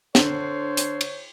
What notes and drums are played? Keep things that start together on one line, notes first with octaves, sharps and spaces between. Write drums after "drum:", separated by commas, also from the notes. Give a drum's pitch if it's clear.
D3 C5 C#5, drum: snare
drum: hi-hat
drum: cymbal